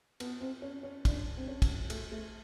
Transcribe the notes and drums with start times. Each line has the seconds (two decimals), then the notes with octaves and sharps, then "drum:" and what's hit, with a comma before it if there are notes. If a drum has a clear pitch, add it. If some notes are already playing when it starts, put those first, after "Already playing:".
0.20 B3, drum: cymbal
0.41 C4
0.62 C#4
0.83 C#4
1.05 D4, drum: kick, cymbal
1.37 C4
1.47 C#4
1.62 drum: kick, cymbal
1.90 A3, drum: cymbal
2.12 A3